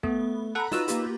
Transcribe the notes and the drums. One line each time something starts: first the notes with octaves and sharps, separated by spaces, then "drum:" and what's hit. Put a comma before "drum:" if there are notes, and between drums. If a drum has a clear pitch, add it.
A3 B3, drum: kick
A4 F#5 A#5 B5 F#6
D#4 F4 F#4 B4 E6, drum: snare
A#3 F4 G4, drum: hi-hat